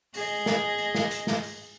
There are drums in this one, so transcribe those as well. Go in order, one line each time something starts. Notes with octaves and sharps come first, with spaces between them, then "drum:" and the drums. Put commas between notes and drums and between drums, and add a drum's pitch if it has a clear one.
G#4 D#5, drum: open hi-hat
drum: snare
drum: hi-hat
drum: snare
drum: hi-hat
drum: snare
drum: open hi-hat